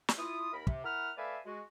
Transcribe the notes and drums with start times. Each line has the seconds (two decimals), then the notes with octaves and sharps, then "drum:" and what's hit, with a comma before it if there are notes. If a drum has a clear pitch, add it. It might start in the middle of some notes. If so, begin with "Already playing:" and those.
0.08 drum: snare
0.18 E4 F4 D#6
0.53 D#2 A#4 B5
0.67 C3, drum: kick
0.84 E4 A#4 F#5 B5 F6
1.18 A3 B4 D5 E5 F5 G#5
1.46 G#3 F#4